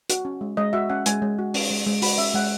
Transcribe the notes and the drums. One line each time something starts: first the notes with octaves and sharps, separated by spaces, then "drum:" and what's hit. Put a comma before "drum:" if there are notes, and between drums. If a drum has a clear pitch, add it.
F#4, drum: hi-hat
C#4
G#3
G#3 D#5
F#4 E5
C#4 F#5
G#3 G#5, drum: hi-hat
G#3
F#4
C#4, drum: open hi-hat
G#3
G#3
F#4 B5, drum: open hi-hat
C#4 E5
G#3 F#5